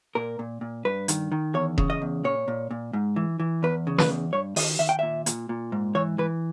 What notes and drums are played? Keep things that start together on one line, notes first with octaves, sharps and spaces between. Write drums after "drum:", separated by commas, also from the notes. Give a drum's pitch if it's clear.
A#2 A#4
A#2
A#2
G2 B4
D#3, drum: hi-hat
D#3
E2 C#5
C#3, drum: kick E1
D#5
E2
A#2 C#5
A#2
A#2
G#2
E3
E3
E2 B4
C#3
B4, drum: snare
E2
G2 C#5
D#3 D#5, drum: open hi-hat
D#3 E5
G5
A#2 E5
A#2, drum: hi-hat
A#2
G#2
E3 C#5
E3 B4